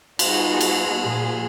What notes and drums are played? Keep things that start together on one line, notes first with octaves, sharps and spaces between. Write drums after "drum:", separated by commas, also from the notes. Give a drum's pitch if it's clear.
G3 B3 D#4 F4 F#4 G#4, drum: cymbal
drum: cymbal
A#2 F3 G#4